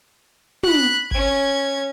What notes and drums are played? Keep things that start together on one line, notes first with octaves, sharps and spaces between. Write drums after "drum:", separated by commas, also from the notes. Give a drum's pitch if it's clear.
B5 F#6, drum: tom
C#4 G#6, drum: kick